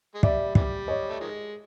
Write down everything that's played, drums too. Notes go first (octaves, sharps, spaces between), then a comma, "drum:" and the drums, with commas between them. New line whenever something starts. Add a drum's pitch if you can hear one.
G#3
G3 D5 E5, drum: kick
C3 E3 G3, drum: kick
C#5 D#5
A3
D#3 F3 G#3